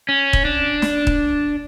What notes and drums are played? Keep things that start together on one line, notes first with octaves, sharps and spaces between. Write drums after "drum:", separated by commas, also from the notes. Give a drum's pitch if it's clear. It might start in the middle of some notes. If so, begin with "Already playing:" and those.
C#4
drum: kick D#1
D4
drum: snare
drum: kick D#1